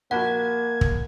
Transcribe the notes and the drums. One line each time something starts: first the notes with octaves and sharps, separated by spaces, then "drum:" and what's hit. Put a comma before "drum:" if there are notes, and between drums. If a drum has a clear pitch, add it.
A#1 A#3 F#4 F#5 G#6
drum: kick